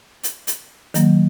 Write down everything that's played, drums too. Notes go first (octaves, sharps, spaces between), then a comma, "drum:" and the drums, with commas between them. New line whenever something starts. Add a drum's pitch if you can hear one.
drum: hi-hat
drum: hi-hat
D#3 F#3 A#3, drum: hi-hat